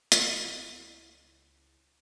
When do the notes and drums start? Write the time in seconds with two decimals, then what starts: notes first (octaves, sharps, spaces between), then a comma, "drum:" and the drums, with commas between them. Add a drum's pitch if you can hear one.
0.12 C#2 E4, drum: hi-hat